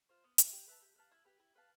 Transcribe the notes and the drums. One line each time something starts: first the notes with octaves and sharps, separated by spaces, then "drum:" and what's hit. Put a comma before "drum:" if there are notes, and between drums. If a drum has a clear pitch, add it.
F4 C5
B3
E4 G4, drum: hi-hat
G4
B4 E5 A5
G4
B4 F5 A5
E4
G4 B4
E4
B4 F5 A5